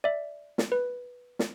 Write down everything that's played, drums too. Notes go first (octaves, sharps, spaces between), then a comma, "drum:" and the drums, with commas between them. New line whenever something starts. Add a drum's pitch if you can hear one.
D5 E5
drum: snare
B4
drum: snare